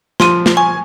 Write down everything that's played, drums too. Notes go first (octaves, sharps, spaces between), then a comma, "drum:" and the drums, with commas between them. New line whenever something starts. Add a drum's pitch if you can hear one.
F3 C6 D#7, drum: snare
drum: snare
G#5 C#6